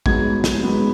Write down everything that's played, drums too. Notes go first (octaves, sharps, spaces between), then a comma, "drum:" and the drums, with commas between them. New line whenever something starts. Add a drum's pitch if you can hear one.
G#2 F#3 B3 G#6, drum: kick
drum: snare
G#2 F#3 B3